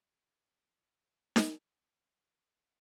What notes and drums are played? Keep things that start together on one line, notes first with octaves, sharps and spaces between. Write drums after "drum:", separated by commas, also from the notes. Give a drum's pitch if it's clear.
A2 A#5
drum: snare D#4